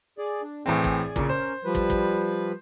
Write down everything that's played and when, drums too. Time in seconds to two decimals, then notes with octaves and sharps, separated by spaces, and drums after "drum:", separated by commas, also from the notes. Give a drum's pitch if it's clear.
0.18 G#4 D5
0.42 D4
0.66 A2 E3 C4 G#4 D5 G#5
0.84 drum: kick
1.16 A#2 C#3, drum: kick
1.29 C#4 A#4 C5
1.64 F3 G3 B4
1.75 drum: kick
1.90 drum: kick